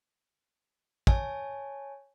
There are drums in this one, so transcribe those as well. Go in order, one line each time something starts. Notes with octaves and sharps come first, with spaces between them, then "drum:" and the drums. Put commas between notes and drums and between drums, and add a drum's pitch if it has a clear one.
C#5 G#5 A5, drum: kick